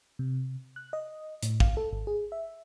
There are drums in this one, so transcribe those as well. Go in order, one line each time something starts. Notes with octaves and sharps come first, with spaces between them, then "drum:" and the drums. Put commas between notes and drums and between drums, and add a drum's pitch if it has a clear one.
C3
F#6
D#5
A2, drum: hi-hat
F5, drum: kick
A4
G#1
G#4
E5